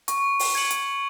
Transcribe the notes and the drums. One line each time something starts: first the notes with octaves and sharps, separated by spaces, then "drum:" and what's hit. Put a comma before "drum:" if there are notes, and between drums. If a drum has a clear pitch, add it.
C#6, drum: hi-hat
drum: open hi-hat
G#6 C#7 F#7
drum: hi-hat